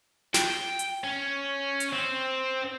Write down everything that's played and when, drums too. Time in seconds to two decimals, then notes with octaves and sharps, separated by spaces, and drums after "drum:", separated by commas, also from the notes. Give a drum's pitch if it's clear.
0.34 G5, drum: snare
0.79 drum: hi-hat
1.04 C#4
1.80 drum: hi-hat
1.93 C4